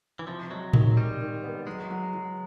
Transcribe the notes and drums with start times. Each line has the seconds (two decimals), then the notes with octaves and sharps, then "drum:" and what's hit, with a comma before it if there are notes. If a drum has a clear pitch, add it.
0.19 E3
0.27 C3 F3
0.51 F#3 G#3
0.73 D#3 F#3, drum: tom A2
0.97 G3 G#3
1.20 D#3
1.44 B3
1.67 F#3 G#3
1.90 F#3
2.13 F#3